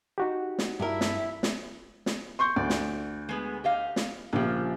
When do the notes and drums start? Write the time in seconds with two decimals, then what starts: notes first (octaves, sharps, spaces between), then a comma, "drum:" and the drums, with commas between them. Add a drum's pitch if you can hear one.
0.18 D#4 F#4 G4
0.59 drum: snare
0.80 G2 E4 A#4
1.01 drum: snare
1.43 drum: snare
2.06 drum: snare
2.39 C6 C#6 G6
2.56 D2 D5
2.70 drum: snare
3.29 G#3 B3 G#4
3.64 G4 D#5 F5
3.96 drum: snare
4.33 A#1 C#3 F3 G4